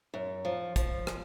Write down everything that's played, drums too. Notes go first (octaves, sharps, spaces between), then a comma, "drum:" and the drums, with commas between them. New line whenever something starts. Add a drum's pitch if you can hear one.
F#2
F3
F3, drum: kick, hi-hat
drum: rim click